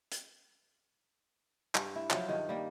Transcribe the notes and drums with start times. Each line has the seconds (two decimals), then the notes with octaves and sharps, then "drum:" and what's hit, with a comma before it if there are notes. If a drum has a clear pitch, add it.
0.12 drum: hi-hat
1.75 G2, drum: clap
1.96 E4
2.10 F3 F#3 E4, drum: clap
2.28 G2 D#3
2.49 G3 A#3